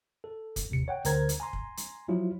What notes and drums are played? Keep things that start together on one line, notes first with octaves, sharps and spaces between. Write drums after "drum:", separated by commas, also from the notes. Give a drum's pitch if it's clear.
A4
drum: kick, hi-hat
G1 D#2 C3 C#7
C#5 F#5 G5
D2 D3 A#4 C5 A#5 G#6, drum: hi-hat
drum: hi-hat
G#5 A#5 C6
drum: kick
drum: hi-hat
F3 F#3 E4 F4